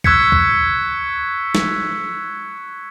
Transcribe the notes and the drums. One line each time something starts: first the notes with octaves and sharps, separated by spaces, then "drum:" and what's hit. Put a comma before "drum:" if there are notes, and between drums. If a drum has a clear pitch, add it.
C#6 E6 F#6 G#6 B6 C#7, drum: kick C2
drum: kick C2
drum: snare